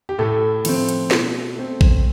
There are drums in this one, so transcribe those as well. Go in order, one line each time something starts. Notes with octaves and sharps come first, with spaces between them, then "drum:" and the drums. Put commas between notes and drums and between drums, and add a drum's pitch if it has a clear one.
G4
A2 A3 A4
F3 A3 C4, drum: cymbal
drum: hi-hat
B2, drum: snare
A3 C4
drum: kick A#1